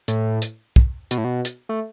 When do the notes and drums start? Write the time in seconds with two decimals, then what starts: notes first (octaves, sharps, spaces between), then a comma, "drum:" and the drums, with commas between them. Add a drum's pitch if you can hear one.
0.08 A2, drum: hi-hat
0.42 drum: hi-hat
0.76 drum: kick
1.11 B2, drum: hi-hat
1.18 A2
1.24 B2
1.45 drum: hi-hat
1.69 A3